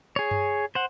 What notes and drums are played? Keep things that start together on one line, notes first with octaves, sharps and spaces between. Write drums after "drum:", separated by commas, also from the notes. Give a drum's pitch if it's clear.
G#4 C#5
drum: tom G2
C5 F#5